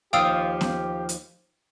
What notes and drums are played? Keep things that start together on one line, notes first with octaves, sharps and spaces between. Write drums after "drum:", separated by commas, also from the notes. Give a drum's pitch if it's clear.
D#2 F3 F4 G4 F5 G5 D#6 E6
drum: snare B3
drum: hi-hat